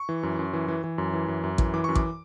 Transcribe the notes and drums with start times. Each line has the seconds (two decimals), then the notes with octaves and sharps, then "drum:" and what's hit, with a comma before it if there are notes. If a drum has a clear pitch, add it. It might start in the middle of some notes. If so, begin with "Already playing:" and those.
Already playing: C#6
0.09 E3
0.23 F#2
0.39 F#2
0.53 E3
0.68 E3
0.84 E3
0.98 F#2
1.13 E3
1.28 F#2
1.44 F#2
1.58 E3, drum: kick
1.74 E3 D6
1.84 F#2 C#6
1.96 D6, drum: kick